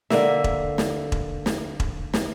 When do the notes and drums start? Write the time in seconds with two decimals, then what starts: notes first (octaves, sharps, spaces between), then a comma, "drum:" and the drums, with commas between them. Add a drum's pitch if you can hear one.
0.10 D3 A#3 E5, drum: snare
0.44 drum: kick E1
0.78 drum: snare
1.12 drum: kick E1
1.46 drum: snare
1.80 drum: kick E1
2.14 drum: snare